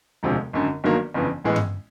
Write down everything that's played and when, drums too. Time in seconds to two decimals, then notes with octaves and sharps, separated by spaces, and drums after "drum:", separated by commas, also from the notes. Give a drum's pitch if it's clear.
0.23 E1 D2 C3 F3 G#3
0.53 G#1 F#2 D3
0.84 G1 G2 D#3 F#3 A#3
1.14 G1 F2 C#3 E3
1.44 A1 A2 E3 G#3 B3
1.56 drum: tom G2